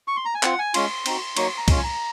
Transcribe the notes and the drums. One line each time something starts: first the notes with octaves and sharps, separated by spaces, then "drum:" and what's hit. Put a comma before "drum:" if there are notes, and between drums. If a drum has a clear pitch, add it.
C#6
C6
A#5
G#5
C4 F4 F#5, drum: clap
G#5
G#3 C#4 F4 C6, drum: cymbal
C4 D#4 F#4, drum: cymbal
F#3 A#3 D#4 F#4 C#6, drum: cymbal
C6
A#5
G#3 C#4 F4, drum: kick C2, cymbal
G#5
A#5